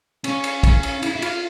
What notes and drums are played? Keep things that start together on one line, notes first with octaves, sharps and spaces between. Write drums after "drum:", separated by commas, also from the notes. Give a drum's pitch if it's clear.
C#4, drum: cymbal
drum: cymbal
drum: kick, cymbal
drum: cymbal
E4, drum: cymbal
E4
F4, drum: cymbal